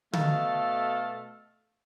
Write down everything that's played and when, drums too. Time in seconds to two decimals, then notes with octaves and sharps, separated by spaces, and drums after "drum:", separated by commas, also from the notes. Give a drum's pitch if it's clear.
0.13 B2 A3 A4 F5, drum: tom D3